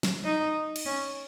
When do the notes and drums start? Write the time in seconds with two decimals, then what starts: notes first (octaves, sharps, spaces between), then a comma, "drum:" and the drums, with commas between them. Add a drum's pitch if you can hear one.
0.03 drum: snare
0.25 D#4
0.76 drum: cymbal
0.86 C#4